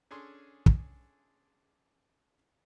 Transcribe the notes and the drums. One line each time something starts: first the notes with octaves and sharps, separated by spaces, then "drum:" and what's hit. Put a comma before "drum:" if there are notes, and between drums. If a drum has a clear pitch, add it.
C#4 D4 G#4 A4 C6
drum: kick